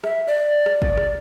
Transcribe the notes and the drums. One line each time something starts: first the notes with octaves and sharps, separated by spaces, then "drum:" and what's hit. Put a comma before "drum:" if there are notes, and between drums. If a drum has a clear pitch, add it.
E5, drum: rim click
D5
drum: rim click
drum: kick
drum: rim click